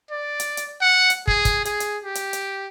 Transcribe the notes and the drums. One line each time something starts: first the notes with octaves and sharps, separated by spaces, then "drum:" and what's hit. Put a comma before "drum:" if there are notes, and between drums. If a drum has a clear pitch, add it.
D5
drum: hi-hat
drum: hi-hat
F#5
drum: hi-hat
G#4, drum: kick
drum: kick, hi-hat
G#4, drum: hi-hat
drum: hi-hat
G4
drum: hi-hat
drum: hi-hat